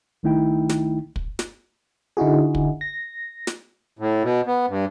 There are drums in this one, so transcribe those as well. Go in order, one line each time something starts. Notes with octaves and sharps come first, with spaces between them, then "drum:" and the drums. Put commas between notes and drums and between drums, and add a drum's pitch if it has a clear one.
C2 D#3 A3 D#4 E4 G5
drum: snare
drum: kick
drum: snare
D3 D#4 E4 F#4 G#4
drum: kick
A#6
drum: snare
A2
B2
B3
G2